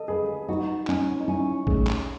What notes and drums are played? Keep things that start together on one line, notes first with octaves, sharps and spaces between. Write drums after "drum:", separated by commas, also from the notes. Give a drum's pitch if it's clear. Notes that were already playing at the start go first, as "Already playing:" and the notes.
Already playing: A4 D#5
G#4 B4
D#4 F#4
C#4 D#4, drum: clap
D#4
C#4 E4
A3 G#4, drum: kick A1
drum: clap